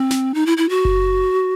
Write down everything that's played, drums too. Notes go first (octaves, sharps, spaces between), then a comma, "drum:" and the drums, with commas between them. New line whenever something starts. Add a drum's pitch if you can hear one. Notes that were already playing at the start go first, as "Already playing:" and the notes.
Already playing: C4
drum: snare
D#4
E4
E4
F#4
drum: kick F#1